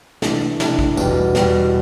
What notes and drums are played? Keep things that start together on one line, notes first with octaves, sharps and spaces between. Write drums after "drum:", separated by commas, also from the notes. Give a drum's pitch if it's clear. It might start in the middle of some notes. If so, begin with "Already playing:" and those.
C3 E3 A3 D4, drum: snare
C3 E3 A3 D4, drum: snare
drum: kick
E2 B2 G3, drum: tambourine
E2 B2 G3, drum: snare